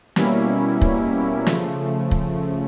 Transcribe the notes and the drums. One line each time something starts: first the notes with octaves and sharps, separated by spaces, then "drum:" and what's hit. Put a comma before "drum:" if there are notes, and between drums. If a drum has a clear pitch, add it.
B2 G3 A#3 C#4 E4, drum: snare
drum: kick
C#3 F3 A3, drum: snare
drum: kick